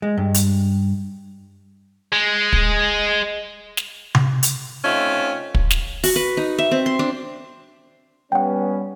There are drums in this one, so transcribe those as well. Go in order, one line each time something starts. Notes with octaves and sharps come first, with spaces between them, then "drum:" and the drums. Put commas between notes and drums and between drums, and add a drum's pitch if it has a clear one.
G#3
G2
drum: hi-hat
G#3
drum: kick
drum: snare
drum: tom C3
drum: hi-hat
A3 C4 C#4 D#4 F4
drum: kick
drum: snare
F#4, drum: open hi-hat
B4
D#4
E5
C4
C6
D4
G3 B3 C#4 F#5 G5